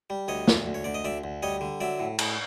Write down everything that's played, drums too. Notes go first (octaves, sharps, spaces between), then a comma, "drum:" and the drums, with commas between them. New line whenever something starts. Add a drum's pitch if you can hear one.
G3
D2 C#5 D#5
D2, drum: snare
D2
C#5
D2 D5
D#5
D2 D5 E5
D2
G3 C#5 D#5
D3
F#3 D5 E5
A2
A2, drum: cymbal